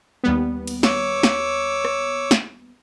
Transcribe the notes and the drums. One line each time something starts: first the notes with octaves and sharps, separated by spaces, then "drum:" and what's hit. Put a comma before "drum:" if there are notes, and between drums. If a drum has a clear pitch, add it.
D#2 G3 B3
drum: cymbal
C#5 D6 E6, drum: snare
drum: snare
drum: rim click
drum: snare